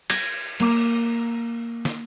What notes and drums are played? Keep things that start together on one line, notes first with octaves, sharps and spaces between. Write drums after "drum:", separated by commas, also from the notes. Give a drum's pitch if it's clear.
G#6 A#6, drum: cymbal
A#3 D6, drum: cymbal
drum: snare